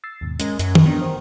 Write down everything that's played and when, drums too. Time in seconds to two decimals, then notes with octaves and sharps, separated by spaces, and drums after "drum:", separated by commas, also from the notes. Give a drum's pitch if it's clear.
0.04 E6 A6 C7
0.21 D#2 G#2 B2
0.40 G#3 C#4 A#4, drum: hi-hat
0.59 F#2, drum: hi-hat
0.75 drum: tom
0.86 D#3 B3 D4
1.02 C5